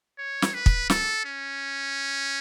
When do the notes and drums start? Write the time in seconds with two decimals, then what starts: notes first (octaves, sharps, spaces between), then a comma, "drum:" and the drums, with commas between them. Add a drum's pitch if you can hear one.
0.19 C#5
0.42 drum: snare
0.54 B4
0.66 drum: kick
0.90 A4, drum: snare
1.25 C#4